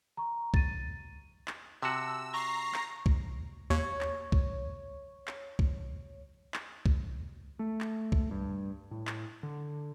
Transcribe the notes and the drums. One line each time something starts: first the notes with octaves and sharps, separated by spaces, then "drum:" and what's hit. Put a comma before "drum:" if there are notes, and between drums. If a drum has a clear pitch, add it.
A#5 C#6
A6 D#7, drum: kick
drum: clap
C3 F#4 A5 E6
A#5 C#6 A#6 C7
drum: clap
drum: kick
D#2 C#5
drum: clap
drum: kick
drum: clap
drum: kick
drum: clap
drum: kick
A3
drum: clap
drum: kick
G2
A2
drum: clap
D3